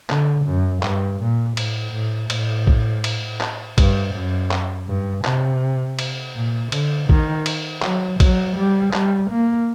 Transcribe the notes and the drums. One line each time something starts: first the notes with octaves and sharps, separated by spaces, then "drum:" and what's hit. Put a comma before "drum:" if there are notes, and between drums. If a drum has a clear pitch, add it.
D3, drum: clap
F#2
G2, drum: clap
A#2
A2, drum: cymbal
A2
A2, drum: cymbal
drum: kick
drum: cymbal
drum: clap
G2, drum: kick, cymbal
F#2
drum: clap
G2
C3, drum: clap
drum: cymbal
A#2
D3, drum: cymbal
D#3, drum: kick
drum: cymbal
F#3, drum: clap
F#3, drum: kick, cymbal
G3
G3, drum: clap
A#3